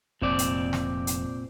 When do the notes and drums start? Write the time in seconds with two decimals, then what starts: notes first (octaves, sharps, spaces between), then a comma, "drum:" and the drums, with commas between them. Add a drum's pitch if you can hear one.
0.22 F1 A#2 C4 D5
0.39 drum: hi-hat
0.73 drum: snare
1.07 drum: hi-hat